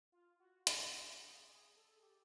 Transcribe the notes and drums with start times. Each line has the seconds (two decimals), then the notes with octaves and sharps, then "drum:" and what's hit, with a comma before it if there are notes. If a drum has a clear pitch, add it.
0.12 F4
0.40 F#4
0.67 G4, drum: hi-hat
0.94 G4
1.22 G#4
1.49 G#4
1.76 A4
1.97 G#4
2.03 G4